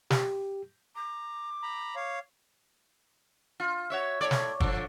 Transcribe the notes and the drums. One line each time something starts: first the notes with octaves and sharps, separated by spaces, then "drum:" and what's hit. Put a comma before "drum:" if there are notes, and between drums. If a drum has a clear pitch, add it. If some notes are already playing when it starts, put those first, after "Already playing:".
G4, drum: snare
A#5 D6
A#5 B5
C#5 F5
F4
F#4 C#5 E5
A2 C#5 D5
drum: snare
D3 F3, drum: kick